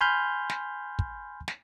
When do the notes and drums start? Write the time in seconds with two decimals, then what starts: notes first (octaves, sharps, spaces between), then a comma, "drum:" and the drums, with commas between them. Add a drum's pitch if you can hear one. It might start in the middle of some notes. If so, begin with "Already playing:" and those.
0.01 G#5 B5 C6 F6 G6
0.50 drum: snare
0.99 drum: kick
1.48 drum: snare